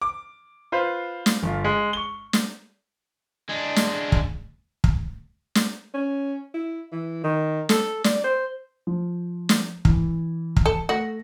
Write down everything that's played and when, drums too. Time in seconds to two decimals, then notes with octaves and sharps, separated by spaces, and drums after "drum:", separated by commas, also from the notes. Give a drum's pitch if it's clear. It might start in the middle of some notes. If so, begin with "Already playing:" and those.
0.02 D6
0.72 F4 B4 C5
1.26 drum: snare
1.43 G1 F4
1.64 G#3
1.93 C#6 G7
2.33 drum: snare
3.49 G#3 D4
3.76 drum: snare
4.12 drum: kick
4.84 drum: kick
5.55 drum: snare
5.94 C#4
6.54 E4
6.92 E3
7.24 D#3
7.69 A4, drum: snare
8.04 D5, drum: snare
8.24 C5
8.87 F3
9.49 drum: snare
9.85 E3, drum: kick
10.56 drum: kick
10.66 A4
10.89 A3 F#4 A#6